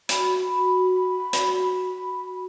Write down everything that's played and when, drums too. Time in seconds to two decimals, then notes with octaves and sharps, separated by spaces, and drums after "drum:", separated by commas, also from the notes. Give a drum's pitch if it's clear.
0.09 F#4 B5, drum: hi-hat
1.33 drum: hi-hat